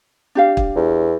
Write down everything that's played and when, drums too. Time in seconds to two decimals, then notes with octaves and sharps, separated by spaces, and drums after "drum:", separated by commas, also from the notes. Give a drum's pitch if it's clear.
0.35 D4 G4 F5
0.57 drum: kick
0.76 E2